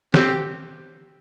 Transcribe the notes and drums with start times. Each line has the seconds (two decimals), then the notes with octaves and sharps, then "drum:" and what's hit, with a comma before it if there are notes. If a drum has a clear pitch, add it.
0.14 C4 G4, drum: snare